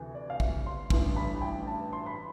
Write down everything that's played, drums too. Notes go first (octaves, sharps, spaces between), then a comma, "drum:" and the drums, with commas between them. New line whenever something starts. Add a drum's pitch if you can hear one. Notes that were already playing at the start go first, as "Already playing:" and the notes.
Already playing: D2 C3 E3
D5
F5
E5, drum: kick
C6
A1 G2 E3 C6, drum: kick
B5
G5
A5
C6
B5